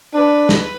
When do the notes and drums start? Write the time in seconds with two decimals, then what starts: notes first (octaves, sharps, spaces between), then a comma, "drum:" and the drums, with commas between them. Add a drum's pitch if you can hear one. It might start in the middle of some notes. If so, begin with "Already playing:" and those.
0.14 D4 B4
0.49 drum: snare